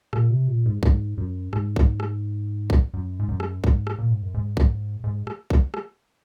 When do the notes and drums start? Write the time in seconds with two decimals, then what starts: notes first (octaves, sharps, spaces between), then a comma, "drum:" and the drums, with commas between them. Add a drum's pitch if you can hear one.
0.13 A#2, drum: rim click
0.30 C3
0.48 A#2
0.66 G#2
0.83 G#2, drum: kick A#1
1.18 F#2
1.53 G#2, drum: rim click
1.76 drum: kick A#1
2.00 drum: rim click
2.70 drum: kick A#1
2.94 F#2
3.19 G#2
3.29 F#2
3.40 drum: rim click
3.64 G#2, drum: kick A#1
3.87 drum: rim click
3.98 A#2
4.11 G#2
4.22 F#2
4.34 G#2
4.57 drum: kick A#1
5.04 G#2
5.27 drum: rim click
5.50 drum: kick A#1
5.74 drum: rim click